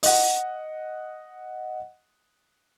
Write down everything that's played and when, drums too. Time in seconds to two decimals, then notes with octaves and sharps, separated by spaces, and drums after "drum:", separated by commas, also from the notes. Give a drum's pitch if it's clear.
0.03 D#5 F#5, drum: open hi-hat